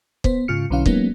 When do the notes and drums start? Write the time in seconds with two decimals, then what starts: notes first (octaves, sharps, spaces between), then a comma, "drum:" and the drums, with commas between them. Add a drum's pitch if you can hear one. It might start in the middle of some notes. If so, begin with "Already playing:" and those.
0.24 B3 C5, drum: kick
0.48 G#2 C#3 F4 F6 C#7
0.70 B1 D3 F#3 C#4 E4 F5
0.86 F#3 G#3 A#3 B3 C#4 D#4, drum: kick